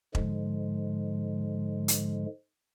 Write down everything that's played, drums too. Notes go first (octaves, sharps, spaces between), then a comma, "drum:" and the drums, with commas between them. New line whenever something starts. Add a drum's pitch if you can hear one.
G#2 D3 F3 G#3, drum: kick E1
drum: hi-hat